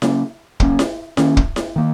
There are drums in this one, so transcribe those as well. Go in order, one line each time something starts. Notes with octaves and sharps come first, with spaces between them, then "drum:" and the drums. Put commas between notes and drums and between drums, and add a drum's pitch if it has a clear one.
C#3 F#3 A#3 C#4, drum: snare E4
C#3 F#3 A#3 C#4, drum: kick
drum: snare E4
D#3 A#3 C#4, drum: snare E4
drum: kick
drum: snare E4
D#3 A#3